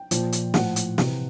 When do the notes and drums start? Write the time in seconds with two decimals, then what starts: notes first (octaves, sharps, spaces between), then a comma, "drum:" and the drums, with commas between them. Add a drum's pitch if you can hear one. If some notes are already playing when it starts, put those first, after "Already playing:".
Already playing: G5
0.11 A#2 F3, drum: hi-hat
0.32 drum: hi-hat
0.54 A2 F3 F#5, drum: snare
0.76 drum: hi-hat
0.98 C3 E3, drum: snare